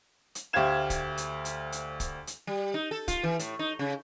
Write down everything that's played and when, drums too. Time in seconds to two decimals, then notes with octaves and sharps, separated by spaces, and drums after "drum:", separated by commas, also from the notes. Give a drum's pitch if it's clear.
0.35 drum: hi-hat
0.53 D2 G4 C5 F5 G#6 E7
0.90 drum: kick, hi-hat
1.17 drum: hi-hat
1.45 drum: hi-hat
1.72 drum: hi-hat
2.00 drum: kick, hi-hat
2.27 drum: hi-hat
2.47 G3
2.74 D#4
2.91 A4
3.08 F4, drum: kick, hi-hat
3.23 E3
3.39 A2, drum: hi-hat
3.59 D#4
3.79 C#3